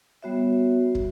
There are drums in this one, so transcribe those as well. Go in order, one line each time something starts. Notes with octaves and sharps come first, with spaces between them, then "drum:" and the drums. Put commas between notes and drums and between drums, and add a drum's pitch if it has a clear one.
G3 B3 F#4 C#5 E5
drum: kick